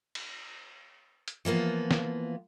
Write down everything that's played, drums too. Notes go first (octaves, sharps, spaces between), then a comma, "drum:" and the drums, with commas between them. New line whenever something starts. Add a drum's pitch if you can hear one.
drum: cymbal
drum: hi-hat
E3 F3 A#3 B3
drum: snare